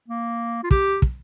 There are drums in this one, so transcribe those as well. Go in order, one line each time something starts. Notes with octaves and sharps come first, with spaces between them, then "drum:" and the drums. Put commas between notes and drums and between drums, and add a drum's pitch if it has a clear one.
A#3
F4
G4, drum: kick
drum: kick